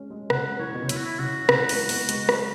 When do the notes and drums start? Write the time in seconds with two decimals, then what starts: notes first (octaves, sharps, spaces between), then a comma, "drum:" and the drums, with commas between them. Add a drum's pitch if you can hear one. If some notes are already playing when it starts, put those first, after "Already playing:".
Already playing: G#3 C#4
0.10 G#3
0.30 C#3 F#5, drum: rim click
0.59 E3 C#5
0.74 B2
0.82 C#3
0.89 E3 E4, drum: hi-hat
0.97 F#4
1.04 E4
1.19 C#3 F#4
1.45 E3
1.49 C#3, drum: rim click
1.69 G#3, drum: open hi-hat
1.89 B3, drum: open hi-hat
2.09 G#3, drum: hi-hat
2.29 F#3, drum: rim click